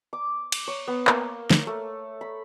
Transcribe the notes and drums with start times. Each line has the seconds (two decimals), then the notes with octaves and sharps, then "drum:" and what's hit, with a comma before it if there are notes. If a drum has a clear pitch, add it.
0.13 D6
0.52 drum: cymbal
0.68 C#5
0.87 B3
1.07 A#3, drum: clap
1.50 drum: snare
1.67 A3
2.21 B5